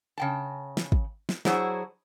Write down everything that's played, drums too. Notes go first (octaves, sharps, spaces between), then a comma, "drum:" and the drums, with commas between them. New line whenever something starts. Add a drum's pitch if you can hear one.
C#3 G5 A5
drum: snare
drum: kick G#1
drum: snare
F#3 D4 E4 F#4 G#4 C5, drum: snare